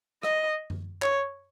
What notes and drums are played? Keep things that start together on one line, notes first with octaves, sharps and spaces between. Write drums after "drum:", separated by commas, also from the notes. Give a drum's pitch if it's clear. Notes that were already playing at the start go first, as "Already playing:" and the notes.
D#5, drum: rim click
drum: tom F#2
C#5, drum: clap